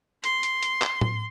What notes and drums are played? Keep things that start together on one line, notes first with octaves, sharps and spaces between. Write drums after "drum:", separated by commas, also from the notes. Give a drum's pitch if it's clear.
C6, drum: hi-hat
drum: hi-hat
drum: hi-hat
drum: clap
drum: tom A2